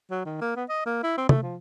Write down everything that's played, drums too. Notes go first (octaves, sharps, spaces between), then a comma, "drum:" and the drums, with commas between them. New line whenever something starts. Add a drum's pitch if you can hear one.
F#3
D#3
A#3
B3
D#5
A#3
E4
C4
A3, drum: tom
F3